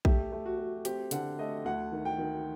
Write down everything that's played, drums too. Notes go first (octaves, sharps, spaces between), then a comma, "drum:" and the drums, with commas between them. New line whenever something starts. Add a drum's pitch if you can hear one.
A3 G4, drum: kick A#1
A3
F#4
A3
C4 G4, drum: hi-hat
D3 F#5, drum: hi-hat
A3 D#5
D2 F#5
D#3
G5
D#3